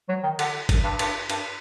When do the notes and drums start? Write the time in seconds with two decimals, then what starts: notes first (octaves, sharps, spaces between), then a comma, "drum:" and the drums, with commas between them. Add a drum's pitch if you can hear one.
0.09 F#3
0.23 D#3
0.39 D3, drum: cymbal
0.69 drum: kick G1, cymbal
0.84 G2
0.99 G2, drum: cymbal
1.30 G2, drum: cymbal